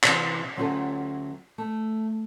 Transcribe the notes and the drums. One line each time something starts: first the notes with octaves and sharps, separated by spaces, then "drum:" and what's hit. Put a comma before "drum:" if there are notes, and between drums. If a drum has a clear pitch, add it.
C3 E3, drum: clap
D2 F#3 C#4 F4 G4 A4
A3